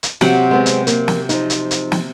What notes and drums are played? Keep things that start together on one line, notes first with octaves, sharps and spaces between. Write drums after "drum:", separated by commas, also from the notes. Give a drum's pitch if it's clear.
drum: hi-hat
C3 F#3 F#5, drum: snare
G#3 B3 C4
drum: hi-hat
A#3, drum: hi-hat
drum: snare
F3 D#4, drum: hi-hat
drum: hi-hat
drum: hi-hat
drum: snare